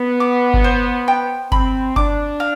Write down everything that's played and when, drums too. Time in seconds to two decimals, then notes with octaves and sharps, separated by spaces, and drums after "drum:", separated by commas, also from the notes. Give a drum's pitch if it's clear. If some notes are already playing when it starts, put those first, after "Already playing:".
Already playing: B3
0.20 D6
0.54 drum: kick G1
0.64 C5
1.08 G5
1.52 C4 B5, drum: kick G1
1.96 D4 D6, drum: kick G1
2.40 F5